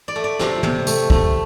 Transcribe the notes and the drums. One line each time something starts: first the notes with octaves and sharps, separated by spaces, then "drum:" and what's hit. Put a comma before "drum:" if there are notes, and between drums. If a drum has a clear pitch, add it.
D5
A3
D5
C3, drum: snare
C3, drum: tom
A3, drum: tambourine
A3, drum: kick